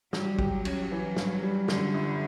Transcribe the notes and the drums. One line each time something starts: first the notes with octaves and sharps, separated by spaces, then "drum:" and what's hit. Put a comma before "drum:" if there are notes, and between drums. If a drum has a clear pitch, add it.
F#3 G3, drum: snare
G4, drum: kick
F#3
C#4, drum: cymbal
E3
G2, drum: snare
G3
F#2 D3, drum: snare
G1